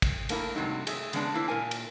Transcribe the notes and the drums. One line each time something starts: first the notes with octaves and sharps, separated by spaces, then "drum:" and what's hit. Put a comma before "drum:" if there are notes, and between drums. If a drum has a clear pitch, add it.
drum: kick, cymbal
A3 A#3 E4 F4 A#4, drum: cymbal
G2 C3 F#3 A3 D#4
G#4 E5, drum: cymbal
C#3 G#3 B3 D4, drum: cymbal
A#3 E4 C5
A#2 A#4 G#5
drum: cymbal